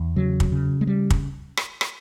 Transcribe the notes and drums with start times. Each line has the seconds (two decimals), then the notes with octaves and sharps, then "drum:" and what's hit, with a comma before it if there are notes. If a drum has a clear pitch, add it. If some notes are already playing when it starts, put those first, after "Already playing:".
Already playing: E2
0.16 C#3 F#3
0.40 drum: kick
0.52 C#3
0.81 G#3
0.87 G3
1.10 drum: kick
1.57 drum: rim click
1.81 drum: rim click